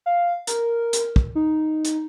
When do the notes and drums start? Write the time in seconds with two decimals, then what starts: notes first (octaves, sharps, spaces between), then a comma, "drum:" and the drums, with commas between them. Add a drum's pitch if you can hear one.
0.06 F5
0.47 A#4, drum: hi-hat
0.93 drum: hi-hat
1.16 drum: kick
1.35 D#4
1.85 drum: hi-hat